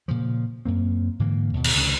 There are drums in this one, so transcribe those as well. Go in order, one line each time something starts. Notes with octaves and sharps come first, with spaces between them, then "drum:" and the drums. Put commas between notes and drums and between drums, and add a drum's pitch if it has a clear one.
A#2 C#3 F3
F#2 A#3 C4
G#2 D3 E3 A#3
D#2 B2
drum: cymbal
C#2 C3 D#3 C#4